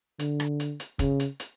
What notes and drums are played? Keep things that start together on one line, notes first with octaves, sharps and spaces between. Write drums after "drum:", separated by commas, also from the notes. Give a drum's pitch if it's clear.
D3, drum: hi-hat
drum: rim click
drum: hi-hat
drum: hi-hat
C#3, drum: kick, hi-hat
drum: hi-hat
drum: hi-hat